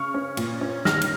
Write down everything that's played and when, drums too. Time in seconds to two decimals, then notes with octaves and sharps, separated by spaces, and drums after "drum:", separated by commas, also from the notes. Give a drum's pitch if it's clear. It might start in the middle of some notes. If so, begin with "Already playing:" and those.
Already playing: C#3 C#6 F6
0.14 C#4
0.37 A#2, drum: cymbal
0.61 C#4
0.85 D#3 F6 A#6, drum: snare
1.01 drum: cymbal